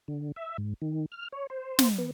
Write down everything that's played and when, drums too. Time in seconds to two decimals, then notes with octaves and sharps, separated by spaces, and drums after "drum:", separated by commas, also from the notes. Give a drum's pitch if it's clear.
0.08 D3
0.36 E5
0.58 G#2
0.82 D#3
1.12 F6
1.32 C#5
1.50 C5
1.79 drum: snare
1.98 B3